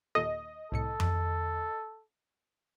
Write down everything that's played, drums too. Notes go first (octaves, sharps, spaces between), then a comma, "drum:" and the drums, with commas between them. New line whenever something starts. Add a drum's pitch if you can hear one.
D#2 A#2 A4 D#5
C2 A2 A4 C#7
drum: tom F2